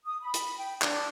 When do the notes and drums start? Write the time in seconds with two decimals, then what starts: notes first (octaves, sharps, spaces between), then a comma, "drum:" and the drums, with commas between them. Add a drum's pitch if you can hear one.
0.06 D#6
0.22 B5
0.34 drum: hi-hat
0.58 G5
0.82 D4, drum: clap